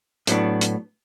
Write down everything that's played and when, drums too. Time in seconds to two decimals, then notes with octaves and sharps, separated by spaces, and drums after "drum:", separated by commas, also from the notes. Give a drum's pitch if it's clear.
0.27 A2 F#3 B3 D4, drum: hi-hat
0.61 drum: hi-hat